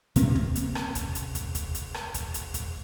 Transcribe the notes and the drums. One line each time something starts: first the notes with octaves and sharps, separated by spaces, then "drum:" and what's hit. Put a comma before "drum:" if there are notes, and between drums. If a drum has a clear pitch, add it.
C3 A#3 C4 C#4, drum: kick, hi-hat
drum: kick
drum: hi-hat
drum: rim click
drum: kick, hi-hat
drum: hi-hat
drum: kick, hi-hat
drum: kick, hi-hat
drum: hi-hat
drum: rim click
drum: kick, hi-hat
drum: hi-hat
drum: kick, hi-hat